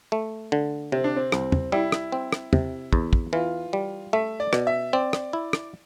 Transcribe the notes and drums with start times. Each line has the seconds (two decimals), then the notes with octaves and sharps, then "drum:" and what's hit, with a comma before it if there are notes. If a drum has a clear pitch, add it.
0.12 A3
0.52 D3
0.92 C3 C4
1.04 D4
1.16 C4
1.32 C2, drum: rim click
1.52 drum: tom
1.72 G3 E4
1.92 drum: rim click
2.12 C4
2.33 drum: rim click
2.53 C3, drum: tom
2.93 E2, drum: kick
3.13 drum: kick
3.33 E3 F4
3.73 G3
4.13 A3 E5
4.40 D5
4.53 B2, drum: rim click
4.67 E5
4.93 C4 D5
5.13 drum: rim click
5.33 E4
5.53 drum: rim click